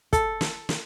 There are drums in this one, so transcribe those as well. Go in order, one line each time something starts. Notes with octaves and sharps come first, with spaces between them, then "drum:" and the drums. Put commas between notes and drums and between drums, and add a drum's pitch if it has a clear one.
A4, drum: kick, hi-hat
drum: snare
drum: snare